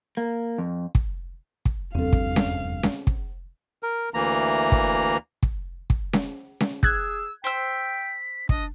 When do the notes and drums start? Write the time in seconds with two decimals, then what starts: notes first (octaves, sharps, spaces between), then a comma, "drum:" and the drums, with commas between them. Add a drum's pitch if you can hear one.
0.17 A#3
0.58 F2
0.95 drum: kick
1.65 drum: kick
1.95 F1 E2 G2 C4 A4 F5
2.13 drum: kick
2.36 drum: snare C#4
2.83 drum: snare C#4
3.07 drum: kick
3.83 A#4
4.14 D2 E3 A#3 A#5
4.72 drum: kick
5.43 drum: kick
5.90 drum: kick
6.13 drum: snare C#4
6.60 drum: snare C#4
6.83 G#4 E6 F#6 G#6, drum: kick
7.44 C5 G5 E6 B6
8.49 D4 D#5, drum: kick